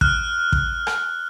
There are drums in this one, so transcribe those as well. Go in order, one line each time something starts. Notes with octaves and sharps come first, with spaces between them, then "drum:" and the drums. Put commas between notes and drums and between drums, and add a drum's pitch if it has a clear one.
F6 F#6, drum: kick
drum: kick
drum: rim click